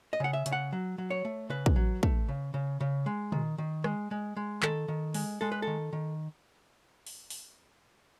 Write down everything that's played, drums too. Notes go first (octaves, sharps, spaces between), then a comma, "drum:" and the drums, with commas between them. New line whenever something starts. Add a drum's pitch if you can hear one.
D#5
C#3 F#5
E5
C#3, drum: hi-hat
F#5
F#3
F#3
C#5
A3
C#3 B4
drum: kick
F#3
A3, drum: kick
C#3
C#3
C#3
G#3
D#3, drum: tom A#2
D#3
G#3, drum: rim click
G#3
G#3
D#3 A4, drum: clap
D#3
G#3, drum: open hi-hat
G#3 A4
B4
D#3 A4
D#3
drum: open hi-hat
drum: open hi-hat